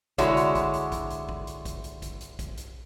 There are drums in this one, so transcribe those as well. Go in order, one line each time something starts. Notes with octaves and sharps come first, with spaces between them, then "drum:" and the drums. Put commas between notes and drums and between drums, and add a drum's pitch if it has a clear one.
D3 G#3 E4 F#4 C#5, drum: kick A#1, hi-hat
drum: hi-hat
drum: kick A#1, hi-hat
drum: hi-hat
drum: kick A#1, hi-hat
drum: hi-hat
drum: kick A#1
drum: hi-hat
drum: kick A#1, hi-hat
drum: hi-hat
drum: kick A#1, hi-hat
drum: hi-hat
drum: kick A#1, hi-hat
drum: hi-hat